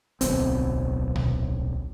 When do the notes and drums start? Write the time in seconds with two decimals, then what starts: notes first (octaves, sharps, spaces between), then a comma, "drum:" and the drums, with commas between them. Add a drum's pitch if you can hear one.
0.21 D1 B1 C4, drum: hi-hat
1.16 drum: tom A#2